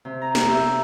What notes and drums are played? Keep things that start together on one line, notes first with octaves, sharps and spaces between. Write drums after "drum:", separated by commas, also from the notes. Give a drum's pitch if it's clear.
C3
A#5
G4, drum: snare
E5